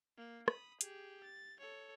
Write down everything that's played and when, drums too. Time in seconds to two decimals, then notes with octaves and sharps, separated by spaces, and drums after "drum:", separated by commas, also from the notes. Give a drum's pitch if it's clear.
0.17 A#3
0.48 B5 D#6, drum: rim click
0.81 G4 G#4, drum: hi-hat
1.23 A6
1.60 A4 C#5